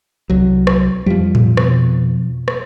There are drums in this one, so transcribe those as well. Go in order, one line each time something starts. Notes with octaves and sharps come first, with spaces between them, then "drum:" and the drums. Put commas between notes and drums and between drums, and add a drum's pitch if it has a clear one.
C2 F#3
drum: rim click
F2 F3 G3
drum: tom A2
B2, drum: rim click
drum: rim click